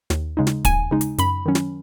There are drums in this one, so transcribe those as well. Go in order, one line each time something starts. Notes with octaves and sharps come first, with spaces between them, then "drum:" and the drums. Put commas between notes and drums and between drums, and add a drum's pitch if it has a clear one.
D#2, drum: snare
C#3 G#3 D#4
drum: snare
D#2 G#5, drum: kick, hi-hat
C#3 G#3 D#4
drum: hi-hat
F#2 B5, drum: hi-hat
D#3 F#3 C#4
drum: snare